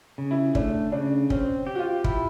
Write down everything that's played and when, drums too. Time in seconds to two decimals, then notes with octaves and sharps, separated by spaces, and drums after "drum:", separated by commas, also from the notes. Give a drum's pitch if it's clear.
0.18 C#3
0.31 E4
0.55 A3 D4, drum: kick
0.92 C#3 D4
1.30 C4 C#4, drum: kick
1.67 G4
1.75 F#4
1.79 F4
2.04 E4, drum: kick